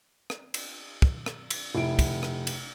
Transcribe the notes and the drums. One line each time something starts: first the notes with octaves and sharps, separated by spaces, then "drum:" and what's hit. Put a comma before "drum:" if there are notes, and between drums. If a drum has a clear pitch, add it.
drum: rim click
drum: cymbal
drum: kick
drum: rim click
drum: cymbal
F1 E4 D7
drum: kick, cymbal
drum: rim click
drum: cymbal